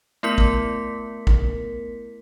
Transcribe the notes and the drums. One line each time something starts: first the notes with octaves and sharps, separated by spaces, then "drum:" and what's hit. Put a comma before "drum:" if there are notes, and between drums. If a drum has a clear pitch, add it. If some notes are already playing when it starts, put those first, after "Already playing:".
A3 B3 E4 A#4 B6
drum: kick
drum: kick